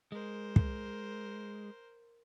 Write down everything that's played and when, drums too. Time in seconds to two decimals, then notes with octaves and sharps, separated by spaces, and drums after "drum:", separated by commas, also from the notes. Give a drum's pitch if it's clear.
0.12 G#3 A#4 C5
0.56 drum: kick